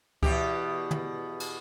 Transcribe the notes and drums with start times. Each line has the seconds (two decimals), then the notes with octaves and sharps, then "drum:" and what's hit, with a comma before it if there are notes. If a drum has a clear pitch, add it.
0.23 E2 B2 G4, drum: kick C#2
0.91 drum: tom
1.40 drum: cymbal